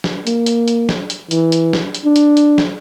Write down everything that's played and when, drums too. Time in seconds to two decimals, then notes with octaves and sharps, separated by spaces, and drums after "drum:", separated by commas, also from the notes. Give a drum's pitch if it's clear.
0.04 drum: snare
0.27 A#3, drum: hi-hat
0.46 drum: hi-hat
0.68 drum: hi-hat
0.89 drum: snare
1.10 drum: hi-hat
1.31 E3, drum: hi-hat
1.52 drum: hi-hat
1.73 drum: snare
1.95 drum: hi-hat
2.05 D4
2.16 drum: hi-hat
2.37 drum: hi-hat
2.58 drum: snare